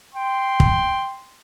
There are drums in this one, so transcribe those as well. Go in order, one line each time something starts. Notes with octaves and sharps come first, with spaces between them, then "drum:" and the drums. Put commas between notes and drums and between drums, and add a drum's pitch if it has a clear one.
G5 C6
drum: kick